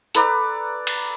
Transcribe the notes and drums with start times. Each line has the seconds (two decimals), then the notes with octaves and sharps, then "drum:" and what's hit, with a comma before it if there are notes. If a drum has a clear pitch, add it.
0.15 A4 B4 D5 A#5, drum: hi-hat
0.87 drum: cymbal